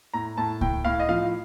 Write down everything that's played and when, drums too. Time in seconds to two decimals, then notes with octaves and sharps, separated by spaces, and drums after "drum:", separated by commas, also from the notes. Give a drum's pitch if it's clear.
0.13 A2 A#5
0.37 A2 A5
0.61 A2 G5, drum: kick C#2
0.85 A2 F5
1.00 D#5
1.09 F3 F5